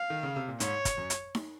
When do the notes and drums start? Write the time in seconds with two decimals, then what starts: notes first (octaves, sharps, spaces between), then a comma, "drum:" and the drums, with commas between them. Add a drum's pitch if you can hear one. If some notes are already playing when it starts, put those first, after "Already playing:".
Already playing: F5
0.10 D#3
0.23 C#3
0.36 C3
0.48 A#2
0.60 G#2 C#5, drum: hi-hat
0.85 drum: kick, hi-hat
0.98 F#2
1.10 drum: hi-hat
1.35 drum: snare D#4